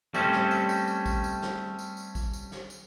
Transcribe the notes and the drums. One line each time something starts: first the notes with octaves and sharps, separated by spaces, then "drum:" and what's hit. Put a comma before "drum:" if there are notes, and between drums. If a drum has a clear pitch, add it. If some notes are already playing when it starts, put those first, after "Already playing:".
G3 A3 C4 C#4, drum: tambourine
drum: snare
drum: tambourine
drum: tambourine
drum: tambourine
drum: kick A#1, tambourine
drum: tambourine
drum: snare
drum: tambourine
drum: tambourine
drum: kick A#1, tambourine
drum: tambourine
drum: snare
drum: tambourine